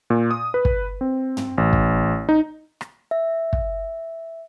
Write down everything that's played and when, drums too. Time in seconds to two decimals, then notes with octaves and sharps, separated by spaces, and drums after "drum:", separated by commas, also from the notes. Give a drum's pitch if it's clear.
0.10 A#2
0.31 D#6
0.54 B4
0.65 drum: kick
1.01 C4
1.37 drum: tom
1.58 A1
1.73 drum: kick
2.29 D#4
2.81 drum: rim click
3.11 E5
3.53 drum: kick